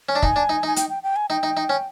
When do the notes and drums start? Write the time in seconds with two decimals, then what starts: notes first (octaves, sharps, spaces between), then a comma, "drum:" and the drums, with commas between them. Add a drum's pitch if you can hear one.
0.09 C#4
0.15 D4
0.23 D#4 G#5, drum: kick
0.36 D4
0.49 D#4
0.63 D#4 G#5
0.76 G5, drum: hi-hat
0.89 G5
1.03 G5
1.16 G#5
1.29 D#4 G5
1.43 D#4
1.57 D#4
1.69 C#4